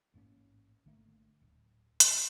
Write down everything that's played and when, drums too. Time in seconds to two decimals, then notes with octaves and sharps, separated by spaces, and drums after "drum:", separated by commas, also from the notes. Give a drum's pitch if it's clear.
0.14 A1 G#2 A#3 C#4
0.85 G#1 D3 A3 A#3
1.41 D1
2.00 G#1 C#2 G2 C#3, drum: hi-hat